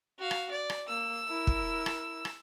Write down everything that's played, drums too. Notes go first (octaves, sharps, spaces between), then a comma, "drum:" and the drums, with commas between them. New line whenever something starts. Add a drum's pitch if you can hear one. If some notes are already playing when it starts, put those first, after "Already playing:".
F#4 F5
drum: rim click
D5
drum: rim click
A#3 E6
E4 A#4
drum: kick
drum: rim click
drum: rim click